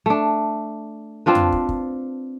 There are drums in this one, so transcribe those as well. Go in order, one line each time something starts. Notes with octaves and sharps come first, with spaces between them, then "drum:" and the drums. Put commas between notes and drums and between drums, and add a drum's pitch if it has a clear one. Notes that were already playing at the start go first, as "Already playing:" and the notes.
A3 D4
C4 D4 F4 B4
drum: tom F2
drum: kick
drum: kick